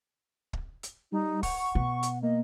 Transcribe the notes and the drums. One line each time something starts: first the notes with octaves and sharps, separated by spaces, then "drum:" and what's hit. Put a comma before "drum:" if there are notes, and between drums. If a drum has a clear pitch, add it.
drum: kick
drum: hi-hat
G3 D#4
F#5 C#6, drum: kick, open hi-hat
B2 B3
drum: hi-hat
A#3 D#5